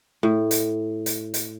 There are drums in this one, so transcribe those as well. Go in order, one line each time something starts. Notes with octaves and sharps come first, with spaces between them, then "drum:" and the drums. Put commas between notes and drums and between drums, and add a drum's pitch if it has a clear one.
A2
drum: hi-hat
drum: hi-hat
drum: hi-hat